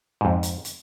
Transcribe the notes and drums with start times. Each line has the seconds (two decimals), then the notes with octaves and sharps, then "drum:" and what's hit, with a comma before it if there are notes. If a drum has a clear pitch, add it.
0.21 F2 G#2
0.43 drum: hi-hat
0.65 drum: hi-hat